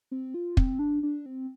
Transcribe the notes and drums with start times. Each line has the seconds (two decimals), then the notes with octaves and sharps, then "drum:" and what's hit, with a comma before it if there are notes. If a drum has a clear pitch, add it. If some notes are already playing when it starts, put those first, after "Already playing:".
0.11 C4
0.34 F4
0.57 C4, drum: kick
0.79 D4
1.03 D4
1.26 C4